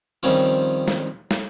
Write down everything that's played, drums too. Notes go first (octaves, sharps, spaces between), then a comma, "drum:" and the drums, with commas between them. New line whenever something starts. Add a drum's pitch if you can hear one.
D#3 F3 G3 C4 C#4 F4
drum: snare
drum: snare